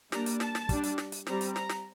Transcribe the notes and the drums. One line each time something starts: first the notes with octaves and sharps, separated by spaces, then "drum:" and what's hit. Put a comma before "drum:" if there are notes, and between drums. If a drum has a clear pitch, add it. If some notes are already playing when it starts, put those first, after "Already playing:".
G3 A#3 D4 A#5, drum: snare
drum: hi-hat
A5, drum: snare
drum: snare
G3 D4, drum: kick, hi-hat
drum: hi-hat
drum: snare
drum: hi-hat
G3 C4 A#5, drum: snare
drum: hi-hat
A#5, drum: snare
drum: snare